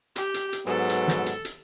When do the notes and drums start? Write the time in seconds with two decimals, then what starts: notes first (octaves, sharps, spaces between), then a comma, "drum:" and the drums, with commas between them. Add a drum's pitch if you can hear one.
0.16 G4, drum: hi-hat
0.34 drum: hi-hat
0.53 drum: hi-hat
0.67 G#2 F#3 B3 A4
0.89 drum: hi-hat
1.08 drum: snare
1.26 drum: hi-hat
1.45 drum: hi-hat